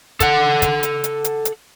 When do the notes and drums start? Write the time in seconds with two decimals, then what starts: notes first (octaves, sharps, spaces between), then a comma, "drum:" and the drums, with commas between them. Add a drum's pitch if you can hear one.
0.20 A4 F#5, drum: kick, hi-hat
0.62 drum: kick, hi-hat
0.83 drum: hi-hat
1.04 drum: hi-hat
1.24 drum: hi-hat
1.45 drum: hi-hat